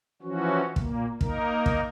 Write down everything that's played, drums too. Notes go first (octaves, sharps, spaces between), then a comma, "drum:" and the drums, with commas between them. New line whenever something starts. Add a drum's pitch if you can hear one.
E3 F3 C#4 F#4
A#2 A#3, drum: kick
A#3 D#4 A#4, drum: kick
drum: kick